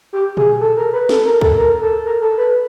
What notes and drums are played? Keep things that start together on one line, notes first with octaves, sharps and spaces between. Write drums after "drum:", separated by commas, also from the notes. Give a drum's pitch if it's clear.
G4
G#4, drum: tom A#2
A4
A#4
B4
A4, drum: snare
A#4
A4, drum: kick C#2
A#4
A4
A#4
A4
B4